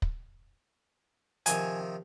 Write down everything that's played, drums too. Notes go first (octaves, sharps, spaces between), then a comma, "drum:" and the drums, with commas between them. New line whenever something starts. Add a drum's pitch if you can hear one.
drum: kick
C3 D#3 F3 G#5, drum: hi-hat